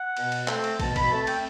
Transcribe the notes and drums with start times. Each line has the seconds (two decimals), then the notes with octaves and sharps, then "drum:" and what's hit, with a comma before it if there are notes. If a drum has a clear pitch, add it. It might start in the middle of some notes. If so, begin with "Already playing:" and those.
Already playing: F#5
0.17 B2, drum: cymbal
0.32 drum: cymbal
0.48 A3 C4, drum: clap
0.64 drum: cymbal
0.80 B2 A5, drum: kick, cymbal
0.96 B5, drum: kick, cymbal
1.11 A3 C4 A5
1.23 A5
1.27 G5, drum: cymbal